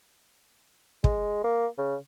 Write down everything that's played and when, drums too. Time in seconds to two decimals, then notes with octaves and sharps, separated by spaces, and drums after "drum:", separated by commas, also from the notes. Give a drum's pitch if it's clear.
1.04 G#3, drum: kick
1.44 A#3
1.78 C#3